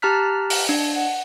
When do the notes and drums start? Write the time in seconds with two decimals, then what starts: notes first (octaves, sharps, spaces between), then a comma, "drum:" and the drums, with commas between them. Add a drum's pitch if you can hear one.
0.02 G4 A5 A#5 F6 F#6 B6
0.50 drum: open hi-hat
0.69 D4
0.96 F#5